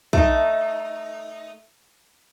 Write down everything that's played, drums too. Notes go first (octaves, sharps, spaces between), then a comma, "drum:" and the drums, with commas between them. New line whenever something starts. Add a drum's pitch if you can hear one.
A3 D#4, drum: kick